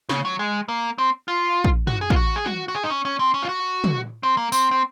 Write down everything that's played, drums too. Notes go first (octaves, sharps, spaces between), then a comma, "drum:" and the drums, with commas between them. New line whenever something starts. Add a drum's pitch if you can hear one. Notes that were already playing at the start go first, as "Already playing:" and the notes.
C#3, drum: snare
F#3
G#3
A#3
C4
F4
drum: kick
F#4, drum: tom
G#4
F4, drum: kick
F#4
G#4
F#4, drum: tom
F#4
G#4
D#4
C#4
C#4
C4
C#4
F4
F#4
drum: tom
C4
A#3
C4, drum: tambourine
C4